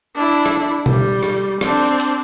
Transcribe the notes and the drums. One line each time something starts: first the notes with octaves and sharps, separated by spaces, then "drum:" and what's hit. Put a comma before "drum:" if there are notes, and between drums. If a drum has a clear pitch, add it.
D4 E4
drum: rim click
G3, drum: tom B2
drum: rim click
C4 D4, drum: rim click
drum: hi-hat